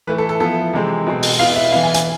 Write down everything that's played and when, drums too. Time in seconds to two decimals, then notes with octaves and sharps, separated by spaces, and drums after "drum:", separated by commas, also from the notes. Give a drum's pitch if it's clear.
0.07 E3 A3 E4 B4
0.18 A4
0.29 A4
0.40 F3 B3 E4 A4
0.73 C3 E3 G#3 C4
1.07 B2 G#3 C4
1.23 drum: open hi-hat
1.39 B2 B3 E4 F5
1.56 E5
1.72 E3 B3 E4 F5
1.83 G#5
1.94 G#5, drum: hi-hat